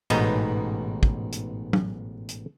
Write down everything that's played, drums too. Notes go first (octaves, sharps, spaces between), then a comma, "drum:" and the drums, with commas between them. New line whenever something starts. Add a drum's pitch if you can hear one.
A1 G#2 B2 B3 D#4 D#5, drum: cymbal
drum: kick
drum: hi-hat
drum: tom F#3
drum: hi-hat